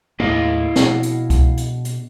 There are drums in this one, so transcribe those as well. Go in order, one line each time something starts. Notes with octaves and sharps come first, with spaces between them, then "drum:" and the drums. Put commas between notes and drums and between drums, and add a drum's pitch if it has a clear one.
D#2 A2 A#3 E4 D#5 F5
B2, drum: snare
drum: hi-hat
drum: kick C2, hi-hat
drum: hi-hat
drum: hi-hat